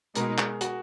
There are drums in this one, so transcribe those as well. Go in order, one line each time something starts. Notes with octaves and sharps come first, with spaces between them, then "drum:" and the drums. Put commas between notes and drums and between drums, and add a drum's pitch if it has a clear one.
B2 G#3 D#4 A#4, drum: hi-hat
G#4, drum: clap
F#4, drum: hi-hat